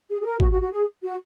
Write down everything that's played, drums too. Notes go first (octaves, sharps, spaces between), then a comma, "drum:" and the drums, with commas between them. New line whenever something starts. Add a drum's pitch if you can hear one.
G#4
G#4
A#4
F#4, drum: kick G#1
F#4
F#4
G#4
F#4